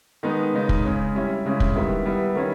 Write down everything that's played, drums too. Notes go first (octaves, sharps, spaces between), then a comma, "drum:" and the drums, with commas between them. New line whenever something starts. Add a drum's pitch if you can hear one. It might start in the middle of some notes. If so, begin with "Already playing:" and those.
D#3 G#3 B3 D#4
C#3 G#3 D#4
drum: kick
C#3 G#3 C#4
G3 C#4 E4
C#3 G#3 C#4 E4
drum: kick
D#3 G3 B3 E4
G3 B3 E4
D#3 G3 C#4 E4